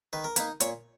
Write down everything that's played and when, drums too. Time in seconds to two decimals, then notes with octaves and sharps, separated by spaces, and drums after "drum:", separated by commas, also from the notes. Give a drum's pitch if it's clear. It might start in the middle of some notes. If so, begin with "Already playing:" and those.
0.13 D#3 B4
0.24 A#4
0.36 A#3 D#4 B4, drum: hi-hat
0.60 A#2 C#5, drum: hi-hat